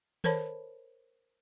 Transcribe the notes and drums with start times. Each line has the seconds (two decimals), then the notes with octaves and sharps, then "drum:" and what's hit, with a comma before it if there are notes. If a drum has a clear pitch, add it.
0.24 A4 A#4 C5 C#5 A5 B5, drum: tom D#3